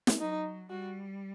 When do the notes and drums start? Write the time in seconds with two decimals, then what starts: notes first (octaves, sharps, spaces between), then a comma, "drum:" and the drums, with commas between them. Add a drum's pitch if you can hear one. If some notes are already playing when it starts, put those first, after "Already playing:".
0.07 drum: snare
0.20 F#3 D#4
0.70 G3 F#4